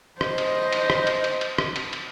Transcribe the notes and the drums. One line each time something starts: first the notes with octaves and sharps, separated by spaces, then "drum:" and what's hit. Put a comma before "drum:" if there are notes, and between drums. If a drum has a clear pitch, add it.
C5 D#5, drum: rim click
drum: cymbal
drum: cymbal
drum: rim click
drum: cymbal
drum: cymbal
drum: cymbal
drum: rim click
drum: cymbal
drum: cymbal